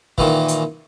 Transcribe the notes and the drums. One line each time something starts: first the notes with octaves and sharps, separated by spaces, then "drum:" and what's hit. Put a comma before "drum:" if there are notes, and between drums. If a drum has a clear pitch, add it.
A#2 D#3 E3, drum: kick
drum: hi-hat